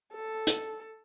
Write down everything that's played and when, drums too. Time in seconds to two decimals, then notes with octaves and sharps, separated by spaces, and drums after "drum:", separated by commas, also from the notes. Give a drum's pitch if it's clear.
0.13 A4
0.47 drum: hi-hat